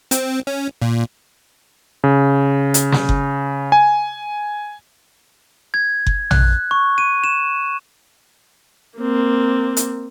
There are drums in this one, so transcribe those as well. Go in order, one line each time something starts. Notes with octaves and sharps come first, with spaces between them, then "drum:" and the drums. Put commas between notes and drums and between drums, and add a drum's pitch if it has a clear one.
C4, drum: hi-hat
C#4
A#2
C#3
drum: hi-hat
drum: snare
drum: kick F#1
G#5
G#6
drum: kick F#1
F#6, drum: tom
C#6
D#7
E7
A#3 C4
drum: hi-hat